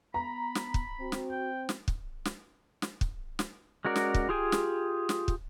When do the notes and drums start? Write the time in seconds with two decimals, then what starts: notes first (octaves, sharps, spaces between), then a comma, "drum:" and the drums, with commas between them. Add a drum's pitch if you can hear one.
0.14 B3 A#5 B5
0.55 drum: snare
0.74 drum: kick
1.00 C4 F#4
1.12 drum: snare
1.31 G5
1.69 drum: snare
1.88 drum: kick
2.25 drum: snare
2.82 drum: snare
3.01 drum: kick
3.39 drum: snare
3.85 G#3 C#4 F#4 A#4 D5
3.96 drum: snare
4.14 drum: kick
4.29 F4 G4 G#4 G5 G#5
4.52 drum: snare
5.09 drum: snare
5.28 drum: kick